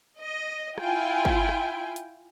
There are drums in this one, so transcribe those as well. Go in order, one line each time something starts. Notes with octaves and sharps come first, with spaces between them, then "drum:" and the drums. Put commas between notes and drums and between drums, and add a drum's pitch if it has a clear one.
D#5
E4 F4 G5 G#5, drum: rim click
drum: kick
drum: rim click
drum: hi-hat